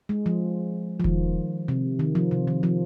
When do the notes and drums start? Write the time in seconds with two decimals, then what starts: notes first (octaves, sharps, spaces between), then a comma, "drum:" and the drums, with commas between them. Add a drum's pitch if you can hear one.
0.09 G#3
0.26 F3
1.00 F3
1.04 D#3, drum: kick E1
1.68 C3
1.99 D#3
2.15 F3
2.31 C3
2.47 D#3
2.63 F3